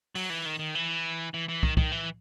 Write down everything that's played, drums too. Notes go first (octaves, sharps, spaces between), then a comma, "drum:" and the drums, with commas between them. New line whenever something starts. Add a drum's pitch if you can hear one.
F#3, drum: open hi-hat
E3
D#3
D#3
E3
E3
E3
D#3, drum: kick
D#3, drum: kick
E3